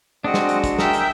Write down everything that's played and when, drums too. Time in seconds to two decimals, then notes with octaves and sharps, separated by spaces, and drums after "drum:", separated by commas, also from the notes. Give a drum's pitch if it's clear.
0.24 G#3 C4 D4 F#4 D#5 F#5
0.34 drum: snare
0.49 drum: hi-hat
0.64 drum: kick, hi-hat
0.79 G#4 A#4 E5 G5 A#5, drum: snare
0.93 drum: hi-hat